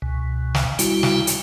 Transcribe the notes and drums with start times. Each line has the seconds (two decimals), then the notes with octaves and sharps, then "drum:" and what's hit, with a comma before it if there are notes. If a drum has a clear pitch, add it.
0.02 C#2 B2
0.55 drum: snare
0.79 G3 E4 F#4, drum: hi-hat
1.03 drum: snare
1.27 drum: hi-hat